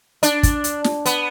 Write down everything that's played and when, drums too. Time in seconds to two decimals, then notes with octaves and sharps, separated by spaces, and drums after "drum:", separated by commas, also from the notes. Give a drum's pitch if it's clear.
0.23 D4, drum: hi-hat
0.43 drum: kick, hi-hat
0.64 drum: hi-hat
0.84 drum: snare
1.06 B3, drum: hi-hat